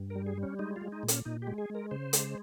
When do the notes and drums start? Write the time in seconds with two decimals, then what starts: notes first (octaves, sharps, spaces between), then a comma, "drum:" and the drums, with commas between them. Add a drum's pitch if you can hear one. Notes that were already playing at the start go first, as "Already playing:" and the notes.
Already playing: G2
0.10 A#4
0.16 G3
0.26 G#4
0.37 G3
0.43 C#4
0.59 G#3 D#4
0.76 F4
0.81 G#3
0.92 D#4
1.03 A#2
1.08 C#4, drum: hi-hat
1.25 A#2 D#4
1.42 G4
1.47 G#3
1.58 G#4
1.70 G#3
1.75 A#4
1.91 C#3 C5
2.13 G#3, drum: hi-hat